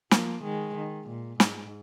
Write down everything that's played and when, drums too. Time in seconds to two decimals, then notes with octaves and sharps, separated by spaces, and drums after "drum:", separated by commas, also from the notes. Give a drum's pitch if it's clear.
0.11 F3 A#3, drum: snare
0.44 D#3 G#3
0.75 D#3
1.08 A#2
1.40 G#2, drum: snare